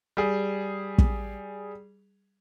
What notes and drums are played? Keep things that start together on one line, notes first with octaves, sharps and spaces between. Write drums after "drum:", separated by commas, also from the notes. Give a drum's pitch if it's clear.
G3 G#4
drum: kick